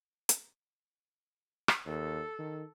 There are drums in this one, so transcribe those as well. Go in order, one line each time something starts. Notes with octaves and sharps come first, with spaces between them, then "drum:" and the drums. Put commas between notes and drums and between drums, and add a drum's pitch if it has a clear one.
drum: hi-hat
drum: rim click
D#2 A4
D#3